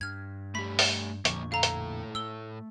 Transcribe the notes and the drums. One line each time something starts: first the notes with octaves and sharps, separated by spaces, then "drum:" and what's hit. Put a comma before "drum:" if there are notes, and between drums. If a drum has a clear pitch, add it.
G2 F6 G#6
A3 G4 B5 B6
drum: open hi-hat
F2 A#2 D3 F3 A#3 C#6, drum: hi-hat
A2 A4 F5 A#5
drum: hi-hat
A3 E6 G7